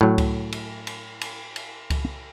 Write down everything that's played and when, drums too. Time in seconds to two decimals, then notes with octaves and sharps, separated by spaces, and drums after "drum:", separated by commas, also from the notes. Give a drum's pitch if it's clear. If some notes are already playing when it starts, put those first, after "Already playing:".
0.01 A2 F#3
0.18 drum: kick C#2, cymbal
0.52 drum: cymbal
0.87 drum: cymbal
1.21 drum: cymbal
1.56 drum: cymbal
1.90 drum: kick C#2, cymbal